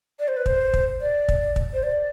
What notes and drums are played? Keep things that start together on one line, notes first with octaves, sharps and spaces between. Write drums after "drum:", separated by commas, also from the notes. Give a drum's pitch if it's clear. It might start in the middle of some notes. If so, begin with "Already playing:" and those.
D5
C5
B4
C5, drum: kick
drum: kick
D5
drum: kick
drum: kick
C5
D5